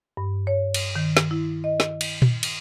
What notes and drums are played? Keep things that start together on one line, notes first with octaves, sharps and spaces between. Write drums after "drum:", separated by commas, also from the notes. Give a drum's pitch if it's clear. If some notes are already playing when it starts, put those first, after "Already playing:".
G2
C#5
drum: cymbal
D#3
drum: snare
E4
D#5
drum: snare
drum: cymbal
drum: tom A#2
drum: cymbal